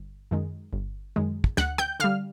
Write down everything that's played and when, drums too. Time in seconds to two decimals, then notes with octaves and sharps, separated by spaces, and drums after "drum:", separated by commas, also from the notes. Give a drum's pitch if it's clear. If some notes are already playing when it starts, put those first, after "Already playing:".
Already playing: G1
0.31 F#2 D#3 G#3
0.73 G1
1.16 F#2 D#3 G#3
1.44 drum: kick
1.57 D2 F#5 F#6, drum: snare
1.78 G5 G6, drum: rim click
2.00 D3 G3 F5 F6